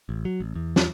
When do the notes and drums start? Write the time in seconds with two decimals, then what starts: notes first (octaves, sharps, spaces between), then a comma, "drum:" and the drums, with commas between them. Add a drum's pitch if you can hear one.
0.09 A1
0.25 F#3
0.40 A1
0.55 E2
0.76 drum: snare